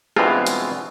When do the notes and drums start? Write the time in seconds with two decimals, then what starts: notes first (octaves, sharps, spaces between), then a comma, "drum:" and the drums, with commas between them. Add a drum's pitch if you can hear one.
0.16 G2 B2 E3 G#3 C4 F4, drum: rim click
0.47 drum: hi-hat